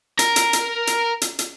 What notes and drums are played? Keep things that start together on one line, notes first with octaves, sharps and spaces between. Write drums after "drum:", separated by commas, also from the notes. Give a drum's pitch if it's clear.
A#4, drum: hi-hat
drum: hi-hat
drum: hi-hat
drum: hi-hat
drum: hi-hat
drum: hi-hat